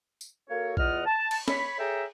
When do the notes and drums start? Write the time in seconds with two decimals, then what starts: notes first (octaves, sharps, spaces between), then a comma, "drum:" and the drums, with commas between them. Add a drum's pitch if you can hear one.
0.21 drum: tambourine
0.49 A#3 F#4 A4 A#4 C#5
0.77 E2 F4 D#5 F#5 F6, drum: kick
1.05 A5
1.31 drum: cymbal
1.48 C#5 B5, drum: snare
1.78 G#4 A4 C#5 E5 G5 A#5